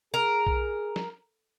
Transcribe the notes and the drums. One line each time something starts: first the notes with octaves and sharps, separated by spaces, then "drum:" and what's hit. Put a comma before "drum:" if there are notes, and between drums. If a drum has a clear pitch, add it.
G#4 A#4
drum: kick B1
drum: snare